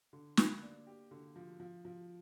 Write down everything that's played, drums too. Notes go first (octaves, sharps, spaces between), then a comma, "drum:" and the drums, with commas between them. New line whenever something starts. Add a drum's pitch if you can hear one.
D3
A#3, drum: snare
D4
G4
D3
F3
F3
F3